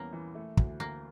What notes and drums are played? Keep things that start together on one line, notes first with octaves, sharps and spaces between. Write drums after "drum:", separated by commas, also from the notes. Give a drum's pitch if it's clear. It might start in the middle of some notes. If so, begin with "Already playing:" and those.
Already playing: E2 G3 A#3 C#4
E3
A3
D2, drum: kick
D2 A#3